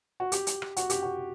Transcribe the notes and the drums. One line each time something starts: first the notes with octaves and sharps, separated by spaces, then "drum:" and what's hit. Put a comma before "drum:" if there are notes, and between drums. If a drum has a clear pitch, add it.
F#4
G4, drum: hi-hat
drum: hi-hat
drum: rim click
F#4, drum: hi-hat
G4, drum: hi-hat
F#4